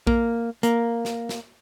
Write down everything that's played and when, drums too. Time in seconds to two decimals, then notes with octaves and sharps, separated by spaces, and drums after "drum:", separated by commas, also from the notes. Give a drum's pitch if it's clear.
0.07 A#3, drum: kick A#1
0.63 A#3, drum: hi-hat
1.05 drum: snare
1.29 drum: snare